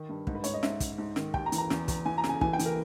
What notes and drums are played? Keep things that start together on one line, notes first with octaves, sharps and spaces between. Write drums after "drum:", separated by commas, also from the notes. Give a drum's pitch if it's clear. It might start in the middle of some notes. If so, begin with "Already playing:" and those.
Already playing: D#3
G2
G#2, drum: kick
B4
G#2 C#5, drum: hi-hat
D#5
G#2 E5, drum: snare
G#2, drum: kick, hi-hat
G#2
D#3, drum: snare
D#2 G5, drum: kick
A#5
E3, drum: hi-hat
A#5
E2, drum: snare
E2, drum: kick, hi-hat
E3 G#5
A#5
C#3, drum: snare
G#5
E3 G#5, drum: kick
G5
E3, drum: hi-hat
A#4